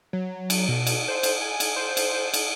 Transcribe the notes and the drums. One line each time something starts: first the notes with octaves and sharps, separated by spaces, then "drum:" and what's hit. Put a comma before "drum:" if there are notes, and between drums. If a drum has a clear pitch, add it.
F#3
drum: cymbal
B2
drum: cymbal
C5
drum: cymbal
G#5
drum: cymbal
C5
drum: cymbal
drum: cymbal